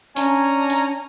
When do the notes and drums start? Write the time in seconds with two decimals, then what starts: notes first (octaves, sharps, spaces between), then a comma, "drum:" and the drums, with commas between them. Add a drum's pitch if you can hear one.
0.16 C#4 D4 G#5 A#5, drum: hi-hat
0.70 drum: hi-hat